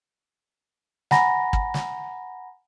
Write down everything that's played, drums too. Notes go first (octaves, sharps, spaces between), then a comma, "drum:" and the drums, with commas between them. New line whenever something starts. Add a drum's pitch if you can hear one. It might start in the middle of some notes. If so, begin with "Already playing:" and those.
F#5 G#5 A#5 B5 A#6, drum: snare
drum: kick
drum: snare